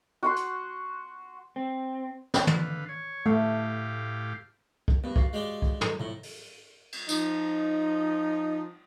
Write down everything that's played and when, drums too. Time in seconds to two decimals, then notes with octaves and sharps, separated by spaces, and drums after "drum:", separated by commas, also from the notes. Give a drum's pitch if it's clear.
0.23 F#4 F#5 C6
0.36 drum: hi-hat
1.56 C4
2.34 drum: snare
2.47 D3 B4 F5, drum: tom
2.89 C#5
3.26 A2 A3 G4 F5
4.88 drum: kick
5.04 G2 B3 G4
5.16 F#4 F5, drum: kick
5.33 G#3 G4 D5
5.62 drum: kick
5.81 drum: tom
6.00 A2 C3 C#5
6.23 drum: open hi-hat
6.92 drum: cymbal
7.09 F3 D#4, drum: tambourine